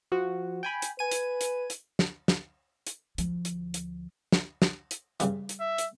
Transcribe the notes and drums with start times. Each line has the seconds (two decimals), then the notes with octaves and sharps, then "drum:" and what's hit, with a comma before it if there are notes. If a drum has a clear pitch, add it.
0.12 F3 F#4
0.63 G5 G#5 B5
0.82 drum: hi-hat
0.99 B4 G#5 D#7
1.11 drum: hi-hat
1.41 drum: hi-hat
1.70 drum: hi-hat
1.99 drum: snare
2.28 drum: snare
2.87 drum: hi-hat
3.18 D2 F3, drum: hi-hat
3.45 drum: hi-hat
3.74 drum: hi-hat
4.32 drum: snare
4.62 drum: snare
4.91 drum: hi-hat
5.20 G2 C#3 E3, drum: hi-hat
5.49 drum: hi-hat
5.60 E5
5.78 drum: hi-hat